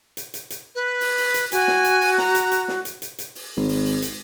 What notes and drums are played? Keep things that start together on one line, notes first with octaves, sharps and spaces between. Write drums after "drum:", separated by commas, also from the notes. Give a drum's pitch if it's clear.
drum: hi-hat
drum: hi-hat
drum: hi-hat
B4
drum: open hi-hat
drum: open hi-hat
drum: hi-hat
F#4 G#5, drum: hi-hat
drum: snare
drum: hi-hat
drum: open hi-hat
A#5, drum: snare
drum: hi-hat
drum: hi-hat
drum: snare
drum: hi-hat
drum: hi-hat
drum: hi-hat
drum: open hi-hat
G#1
drum: open hi-hat
drum: open hi-hat
drum: hi-hat